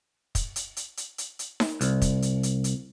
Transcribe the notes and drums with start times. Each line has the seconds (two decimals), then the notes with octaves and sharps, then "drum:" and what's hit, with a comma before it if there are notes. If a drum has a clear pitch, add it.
0.35 drum: kick, hi-hat
0.56 drum: hi-hat
0.77 drum: hi-hat
0.97 drum: hi-hat
1.18 drum: hi-hat
1.39 drum: hi-hat
1.60 drum: snare D#4
1.81 C2, drum: hi-hat
2.02 drum: kick, hi-hat
2.22 drum: hi-hat
2.43 drum: hi-hat
2.64 drum: hi-hat